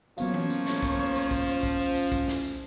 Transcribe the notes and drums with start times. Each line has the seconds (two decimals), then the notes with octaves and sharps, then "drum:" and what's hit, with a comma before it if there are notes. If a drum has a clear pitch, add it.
0.18 F3 F#3 A#3 B3 C#4 C#5 F5, drum: tambourine
0.34 drum: tom E3
0.50 drum: tambourine
0.66 drum: snare
0.82 drum: kick, tambourine
1.15 drum: tambourine
1.31 drum: kick, tambourine
1.47 drum: tambourine
1.63 drum: kick, tambourine
1.79 drum: tambourine
1.96 drum: tambourine
2.12 drum: kick, tambourine
2.28 drum: snare
2.44 drum: tambourine